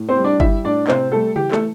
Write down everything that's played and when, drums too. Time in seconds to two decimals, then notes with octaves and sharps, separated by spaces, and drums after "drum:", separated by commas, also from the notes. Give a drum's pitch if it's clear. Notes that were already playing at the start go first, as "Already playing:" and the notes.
Already playing: A2
0.09 C4 C5
0.17 G3
0.24 D4 D5
0.40 G3 E4 E5, drum: kick G1
0.64 A2 D4 D5
0.88 C3 C4 C5, drum: clap
1.12 G3 A3 A4
1.36 E3 G4, drum: tom C#3
1.51 A3 A4, drum: clap